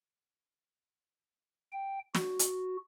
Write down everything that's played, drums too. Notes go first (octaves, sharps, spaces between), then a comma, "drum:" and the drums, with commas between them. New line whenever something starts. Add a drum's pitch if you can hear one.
G5
F#4, drum: snare
drum: hi-hat